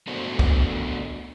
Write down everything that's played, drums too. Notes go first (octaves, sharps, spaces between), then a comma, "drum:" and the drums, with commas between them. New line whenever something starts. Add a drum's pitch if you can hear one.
A3 B3 D4 F#4 A#4 C5
drum: kick